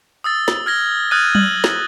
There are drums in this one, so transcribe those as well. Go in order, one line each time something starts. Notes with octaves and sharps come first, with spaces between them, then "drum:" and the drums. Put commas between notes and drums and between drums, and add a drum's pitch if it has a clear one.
D#6 E6 A6
drum: snare
F6 G#6 A#6 G7
D#6 F6 F#6 G#6 A6 D#7
F#7, drum: tom F#3
drum: snare